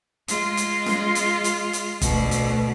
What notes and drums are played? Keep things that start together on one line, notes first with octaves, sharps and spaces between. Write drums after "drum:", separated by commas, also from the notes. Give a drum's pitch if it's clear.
G#3 F4, drum: hi-hat
drum: hi-hat
drum: snare
drum: hi-hat
drum: hi-hat
drum: hi-hat
D2 B2, drum: kick G1, hi-hat
drum: hi-hat